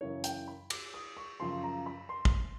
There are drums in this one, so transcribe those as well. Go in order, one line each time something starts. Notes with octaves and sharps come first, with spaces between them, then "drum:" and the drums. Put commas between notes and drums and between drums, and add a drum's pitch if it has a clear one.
F#2 C#3 E3 C#5
G5, drum: hi-hat
B5
D6, drum: cymbal
D#6
C#6
F#2 C#3 F3 C6
A#5
B5
C6
drum: kick